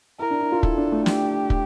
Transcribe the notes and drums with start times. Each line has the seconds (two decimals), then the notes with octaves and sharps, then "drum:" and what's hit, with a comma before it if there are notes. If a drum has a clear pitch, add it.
0.19 E4 A#4
0.30 D4
0.41 E4
0.52 F4
0.63 E4 A4, drum: kick
0.77 D4
0.92 A3
1.06 G4, drum: snare
1.50 drum: kick